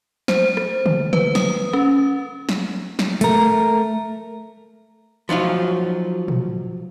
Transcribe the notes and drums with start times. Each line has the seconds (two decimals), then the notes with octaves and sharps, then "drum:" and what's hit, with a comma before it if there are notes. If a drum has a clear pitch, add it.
0.28 C5, drum: snare
0.57 drum: rim click
0.86 drum: tom
1.13 B4, drum: tom
1.35 D#6, drum: snare
1.73 C#4, drum: rim click
2.49 drum: snare
2.99 drum: snare
3.21 A3 A#4, drum: hi-hat
5.29 F3 F#3 D#4 F4
6.28 drum: tom